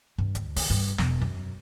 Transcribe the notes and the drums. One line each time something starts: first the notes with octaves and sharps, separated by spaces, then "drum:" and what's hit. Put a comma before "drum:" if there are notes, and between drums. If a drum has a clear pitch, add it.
G2
D2, drum: hi-hat
D#3, drum: open hi-hat
G2
E1, drum: snare
F#2